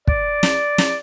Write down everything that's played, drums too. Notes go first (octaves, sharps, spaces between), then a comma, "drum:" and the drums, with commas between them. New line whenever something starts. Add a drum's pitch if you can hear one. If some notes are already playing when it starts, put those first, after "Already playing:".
D5, drum: kick
drum: snare
drum: snare